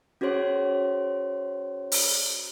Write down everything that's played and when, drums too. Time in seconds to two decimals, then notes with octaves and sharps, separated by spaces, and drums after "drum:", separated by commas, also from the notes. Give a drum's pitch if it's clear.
0.21 C#4 F#4 G#4 C5 C#5 C6
1.92 drum: open hi-hat